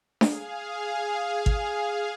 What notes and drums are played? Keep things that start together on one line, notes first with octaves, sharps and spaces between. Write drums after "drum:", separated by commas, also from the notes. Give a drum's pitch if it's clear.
G#4 F5, drum: snare D4
drum: kick